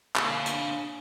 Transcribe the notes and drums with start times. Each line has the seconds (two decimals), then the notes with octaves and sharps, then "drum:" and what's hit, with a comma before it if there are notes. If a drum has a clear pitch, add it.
0.16 A#3 C#5 F5, drum: clap
0.46 D4, drum: hi-hat